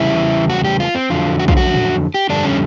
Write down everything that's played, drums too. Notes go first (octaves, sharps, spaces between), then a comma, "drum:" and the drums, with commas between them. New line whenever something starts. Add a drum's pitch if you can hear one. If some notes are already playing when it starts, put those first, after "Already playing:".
Already playing: E2 C#3 G3 E4
F#4
G4
F4
C4
F2 D3 F#3 F4
F#4
F4, drum: kick
F#4
drum: tom A2
G4
F2 D3 G3 D4
C#4